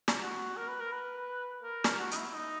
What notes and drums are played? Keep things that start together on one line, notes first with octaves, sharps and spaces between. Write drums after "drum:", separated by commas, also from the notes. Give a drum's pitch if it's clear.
drum: snare
F#4
A#4
B4
A#4
B4
A#4
drum: snare
F#4
D#4, drum: hi-hat
E4
D#4